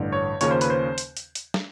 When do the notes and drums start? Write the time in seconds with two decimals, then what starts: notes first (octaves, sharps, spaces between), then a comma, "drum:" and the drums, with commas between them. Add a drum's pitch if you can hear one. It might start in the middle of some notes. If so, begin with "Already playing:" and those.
Already playing: A1 G2 D3
0.12 C#5
0.41 D#2 C#3 F3 A#3 C#4 C#5, drum: hi-hat
0.51 C5
0.61 B4, drum: hi-hat
0.70 C5
0.98 drum: hi-hat
1.17 drum: hi-hat
1.35 drum: hi-hat
1.54 drum: snare